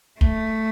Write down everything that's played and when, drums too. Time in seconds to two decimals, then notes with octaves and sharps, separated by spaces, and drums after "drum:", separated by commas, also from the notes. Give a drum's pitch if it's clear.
0.21 A3, drum: kick